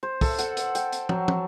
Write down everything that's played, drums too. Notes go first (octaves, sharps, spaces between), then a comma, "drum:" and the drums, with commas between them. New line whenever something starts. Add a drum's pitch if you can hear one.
C5
A4, drum: kick, open hi-hat
F#5, drum: hi-hat
drum: hi-hat
G5, drum: hi-hat
drum: hi-hat
F#3, drum: tom
drum: tom